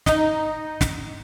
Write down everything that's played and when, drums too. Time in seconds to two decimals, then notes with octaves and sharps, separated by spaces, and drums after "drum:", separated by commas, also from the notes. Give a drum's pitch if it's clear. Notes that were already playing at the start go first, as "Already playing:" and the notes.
0.06 D#4 D#5, drum: snare
0.81 drum: snare